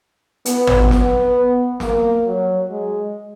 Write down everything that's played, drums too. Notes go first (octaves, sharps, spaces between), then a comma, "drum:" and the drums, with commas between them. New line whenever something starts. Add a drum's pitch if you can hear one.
B3, drum: hi-hat
drum: tom
B3, drum: snare
A#3, drum: snare
F#3
G#3